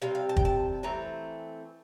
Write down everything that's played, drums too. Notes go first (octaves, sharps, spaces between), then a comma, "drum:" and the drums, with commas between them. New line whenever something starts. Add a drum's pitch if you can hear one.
C3 G3 C4 F5
F5
A5
G5, drum: kick
A5
E3 A3 C4 A#5